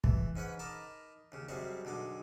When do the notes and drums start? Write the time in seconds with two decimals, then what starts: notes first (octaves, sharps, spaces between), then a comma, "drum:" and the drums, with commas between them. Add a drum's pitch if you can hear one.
0.04 E3, drum: kick
0.36 G#2 C#4 B4 F#5
0.59 D#4 A#4 A5 B5 D6
1.32 D#2 C#3
1.48 F#2 G3 G#3 C4 C#6
1.85 B1 D3 G#3 D6